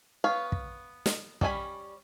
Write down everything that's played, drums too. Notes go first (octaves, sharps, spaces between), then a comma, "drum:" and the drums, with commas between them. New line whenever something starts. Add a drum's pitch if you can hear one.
B3 C#5 F5
drum: kick
drum: snare
G3 C#4 E4 G#5 B5, drum: kick